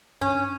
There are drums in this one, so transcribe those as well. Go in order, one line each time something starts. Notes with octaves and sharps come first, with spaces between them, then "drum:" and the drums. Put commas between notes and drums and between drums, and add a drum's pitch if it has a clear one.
C#4, drum: tom G2